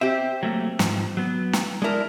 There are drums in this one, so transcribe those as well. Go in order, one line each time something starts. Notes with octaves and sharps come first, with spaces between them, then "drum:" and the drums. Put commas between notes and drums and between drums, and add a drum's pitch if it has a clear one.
C4 G4 E5
F#3 A3 A#3
G#2 F3, drum: snare
F#3 B3
drum: snare
G#3 D4 E4 A#4